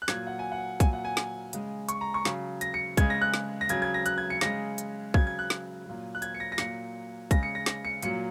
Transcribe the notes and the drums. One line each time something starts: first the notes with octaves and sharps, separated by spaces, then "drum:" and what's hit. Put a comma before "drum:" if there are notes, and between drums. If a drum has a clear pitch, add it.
F#6
A#2 F#3 G#6, drum: snare
F#5
G#5
F#5
A#2 F#3 G#5, drum: kick, hi-hat
F#5
G#5
drum: snare
C#3 G#3, drum: hi-hat
C#6, drum: hi-hat
A#5
C#6
C#3 F#3, drum: snare
A#6, drum: hi-hat
C#7
C#3 G#3 G#6, drum: kick, hi-hat
A#6
F#6
drum: snare
A#6
C#3 F#3 G#6, drum: hi-hat
G#6
A#6
F#6, drum: hi-hat
G#6
C#7
C#3 G#3 A#6, drum: snare
drum: hi-hat
C#3 F#3 G#6, drum: kick
G#6
F#6
drum: snare
A#2 F#3
F#6
G#6, drum: hi-hat
C#7
A#6
A#6
A#2 F#3 C#7, drum: snare
C#3 G#3 A#6, drum: kick, hi-hat
C#7
A#6
A#6, drum: snare
C#7
A#2 F#3 C#7, drum: hi-hat